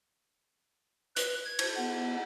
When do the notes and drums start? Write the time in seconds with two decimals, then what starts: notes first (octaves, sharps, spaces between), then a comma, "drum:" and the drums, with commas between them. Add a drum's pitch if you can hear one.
1.16 B4, drum: hi-hat
1.45 G#6
1.59 drum: cymbal
1.76 B3